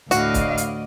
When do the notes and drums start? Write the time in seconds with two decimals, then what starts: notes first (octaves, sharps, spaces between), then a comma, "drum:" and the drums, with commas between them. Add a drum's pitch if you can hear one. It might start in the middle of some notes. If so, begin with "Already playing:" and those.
0.11 D2 A2 F#4 D5 D#5 F5, drum: hi-hat
0.34 drum: kick, hi-hat
0.58 drum: hi-hat